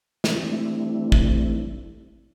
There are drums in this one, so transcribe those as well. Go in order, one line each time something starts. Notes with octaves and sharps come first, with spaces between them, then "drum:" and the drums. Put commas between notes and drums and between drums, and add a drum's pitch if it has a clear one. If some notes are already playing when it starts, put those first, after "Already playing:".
E3 G3 A3 C4 D4 E4, drum: snare
drum: kick